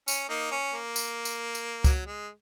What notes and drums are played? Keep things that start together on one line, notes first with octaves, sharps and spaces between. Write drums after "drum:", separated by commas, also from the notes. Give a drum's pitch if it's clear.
C#4, drum: tambourine
A#3 D#4
C#4
A#3
drum: tambourine
drum: tambourine
drum: tambourine
F#3, drum: kick C#2, tambourine
G#3